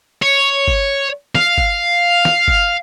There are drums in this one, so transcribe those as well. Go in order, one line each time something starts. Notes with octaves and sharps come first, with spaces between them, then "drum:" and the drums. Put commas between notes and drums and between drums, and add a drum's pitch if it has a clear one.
C#5
drum: kick G1
F5, drum: snare
drum: kick G1
drum: snare
drum: kick G1